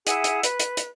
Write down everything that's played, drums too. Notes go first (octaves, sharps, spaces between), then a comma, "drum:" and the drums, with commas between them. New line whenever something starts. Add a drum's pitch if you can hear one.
E4 G#4 E5 F#5, drum: hi-hat
drum: hi-hat
B4, drum: hi-hat
drum: hi-hat
drum: hi-hat